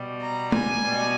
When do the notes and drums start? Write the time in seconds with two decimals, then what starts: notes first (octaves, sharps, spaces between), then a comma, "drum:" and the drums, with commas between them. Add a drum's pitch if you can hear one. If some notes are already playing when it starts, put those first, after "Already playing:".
Already playing: B2 G3
0.21 A#5
0.52 G#5, drum: tom G#3
0.83 B2 G3